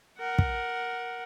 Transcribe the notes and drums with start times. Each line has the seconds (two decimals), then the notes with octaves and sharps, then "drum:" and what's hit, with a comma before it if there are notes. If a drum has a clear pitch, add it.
0.18 A#4 F#5
0.39 drum: kick